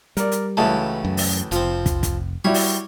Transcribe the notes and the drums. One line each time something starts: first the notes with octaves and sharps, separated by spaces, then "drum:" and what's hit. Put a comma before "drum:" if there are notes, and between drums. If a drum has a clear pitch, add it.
G3 A#4 D5, drum: hi-hat
drum: hi-hat
C#2 E3 F#3 A3 E4 A5
F#2
drum: open hi-hat
F1 F3 C4, drum: hi-hat
drum: kick, hi-hat
drum: kick, hi-hat
G3 E4 F#4 C#5
drum: open hi-hat